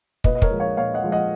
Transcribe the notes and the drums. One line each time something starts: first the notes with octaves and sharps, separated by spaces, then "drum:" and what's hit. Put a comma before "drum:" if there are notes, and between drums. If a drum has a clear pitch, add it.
A#2 B4 D#5, drum: kick
D#5
A#4 C#5, drum: kick
F3 G#3
C#5 F5
A#2 C#5 F5
D#5 F#5
F3 G#3
D#5 F#5